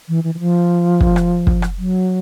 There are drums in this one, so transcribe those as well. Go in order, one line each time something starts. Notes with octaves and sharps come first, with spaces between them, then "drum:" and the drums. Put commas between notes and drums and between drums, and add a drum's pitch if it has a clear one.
E3
E3
E3
F3
drum: kick
drum: rim click
drum: kick
drum: rim click
F#3